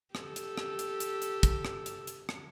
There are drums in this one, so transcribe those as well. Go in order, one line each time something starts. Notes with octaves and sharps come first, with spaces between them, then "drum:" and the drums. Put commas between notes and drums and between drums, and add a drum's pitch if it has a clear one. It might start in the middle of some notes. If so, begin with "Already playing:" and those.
G4 A4, drum: rim click
drum: hi-hat
drum: rim click
drum: hi-hat
drum: hi-hat
drum: hi-hat
drum: kick, hi-hat
drum: rim click
drum: hi-hat
drum: hi-hat
drum: rim click